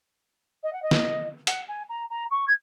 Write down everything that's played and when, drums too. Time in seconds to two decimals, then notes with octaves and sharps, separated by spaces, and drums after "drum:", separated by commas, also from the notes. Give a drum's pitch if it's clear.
0.63 D#5
0.73 F#5
0.82 D#5
0.91 drum: snare
1.47 F#5, drum: hi-hat
1.68 G#5
1.89 A#5
2.10 A#5
2.31 C#6
2.47 G#6